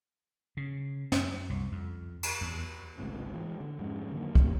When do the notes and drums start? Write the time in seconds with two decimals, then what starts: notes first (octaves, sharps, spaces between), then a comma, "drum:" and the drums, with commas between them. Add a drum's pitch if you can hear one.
0.57 C#3
1.12 F#2, drum: snare
1.50 C2
1.72 F2
2.23 drum: cymbal
2.41 E2
2.98 G#1 C#2 A2 C3
3.35 E3 G#3
3.60 D3
3.79 F2 G#2 G#3 C#4
4.12 D3 D#3 F#3 A#3
4.35 E2 A#2 G3, drum: kick